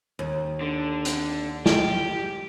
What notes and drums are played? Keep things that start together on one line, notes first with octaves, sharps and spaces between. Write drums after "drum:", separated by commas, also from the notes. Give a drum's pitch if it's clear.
D#2
D3
drum: hi-hat
G4, drum: snare